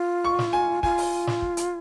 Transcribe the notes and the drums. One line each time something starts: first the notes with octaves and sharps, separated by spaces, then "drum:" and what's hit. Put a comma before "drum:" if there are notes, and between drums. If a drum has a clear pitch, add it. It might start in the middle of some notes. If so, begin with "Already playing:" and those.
Already playing: F4
C#6
drum: snare
G#5
F4 G#5, drum: kick
drum: open hi-hat
drum: snare
drum: kick
drum: hi-hat